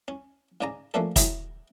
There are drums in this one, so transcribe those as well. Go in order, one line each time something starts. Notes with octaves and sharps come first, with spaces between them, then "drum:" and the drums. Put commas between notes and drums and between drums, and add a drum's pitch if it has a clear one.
C#4
G#2 C#3 D5 G#5 A#5
F3 A3 A#3 C#4 D4 A4
E4 F#4 G#4 C#5 G5 A#5, drum: kick, hi-hat